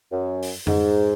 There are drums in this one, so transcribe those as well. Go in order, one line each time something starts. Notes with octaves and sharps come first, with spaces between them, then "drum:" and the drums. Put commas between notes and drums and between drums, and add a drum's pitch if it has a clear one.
F#2
drum: open hi-hat
G#2, drum: tom F2